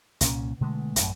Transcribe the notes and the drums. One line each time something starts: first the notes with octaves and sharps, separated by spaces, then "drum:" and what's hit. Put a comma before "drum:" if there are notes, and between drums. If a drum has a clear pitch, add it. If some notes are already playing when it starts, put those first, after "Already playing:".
C2 A#2 G3 C#4, drum: hi-hat
B2 D3 G#3 A3
A1 F#2, drum: hi-hat